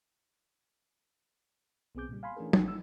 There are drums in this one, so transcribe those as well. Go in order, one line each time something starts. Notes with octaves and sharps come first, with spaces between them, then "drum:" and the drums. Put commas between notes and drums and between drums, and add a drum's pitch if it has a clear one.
B1 B3 C4 G#4 D6 G6
A#2 C#3 G3
F5 G#5 B5 C6
E3 A3 C#4 D4 G#4 A#4
G#1 C#4, drum: tom
E6